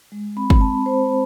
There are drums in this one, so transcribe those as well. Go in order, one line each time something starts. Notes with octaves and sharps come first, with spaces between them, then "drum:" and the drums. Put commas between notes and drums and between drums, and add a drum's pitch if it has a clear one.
G#3
C4 B5
drum: kick
C4 A5
G#3 C5